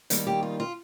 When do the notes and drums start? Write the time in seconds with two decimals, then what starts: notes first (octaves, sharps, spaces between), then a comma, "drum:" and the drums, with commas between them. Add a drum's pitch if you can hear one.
0.10 D#2 D#3 G3 A#3, drum: hi-hat
0.27 G4
0.43 F4
0.60 F4